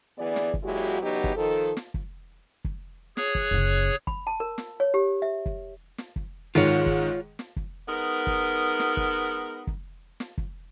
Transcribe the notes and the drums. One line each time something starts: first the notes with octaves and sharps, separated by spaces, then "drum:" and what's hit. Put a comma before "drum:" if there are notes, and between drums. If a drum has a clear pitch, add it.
D2 E3 B3 G#4 D5
drum: snare
drum: kick
A#2 F#3 G#3 E4 F#4 G4
E2 C#3 F#3 B3 D#4 G4
drum: kick
D#3 F3 A4
drum: snare
drum: kick
drum: kick
G#4 C#5 F#6, drum: snare
drum: kick
F#1 C#3
B5, drum: kick
A5
A#4
drum: snare
C#5
G4
E5
drum: kick
drum: snare
drum: kick
G#2 D#3 F4 C#5
drum: kick
drum: snare
drum: kick
G#3 B3 D#4 A#4
drum: kick
drum: snare
drum: kick
drum: kick
drum: snare
drum: kick